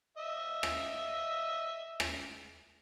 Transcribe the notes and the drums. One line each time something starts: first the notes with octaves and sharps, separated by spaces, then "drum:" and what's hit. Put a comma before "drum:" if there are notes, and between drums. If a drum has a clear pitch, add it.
D#5 E5
drum: rim click
drum: rim click